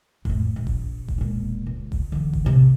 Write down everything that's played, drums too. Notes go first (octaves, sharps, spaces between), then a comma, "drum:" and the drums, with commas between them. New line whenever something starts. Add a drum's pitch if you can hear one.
F2 A2, drum: kick F1
A#1
drum: kick F1
drum: kick F1
E1 A#2
C#2
drum: kick F1
D3 E3
drum: kick F1
A1 C3